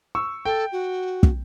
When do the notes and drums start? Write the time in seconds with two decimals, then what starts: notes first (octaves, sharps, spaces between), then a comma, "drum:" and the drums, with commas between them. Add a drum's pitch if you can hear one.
0.15 C#6 E6
0.45 A4 G5
0.72 F#4
1.23 drum: kick